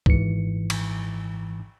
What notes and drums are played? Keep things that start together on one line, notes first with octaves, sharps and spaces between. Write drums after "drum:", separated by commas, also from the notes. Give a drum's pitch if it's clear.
G#1 G#2 E3 C#7, drum: kick C2
drum: cymbal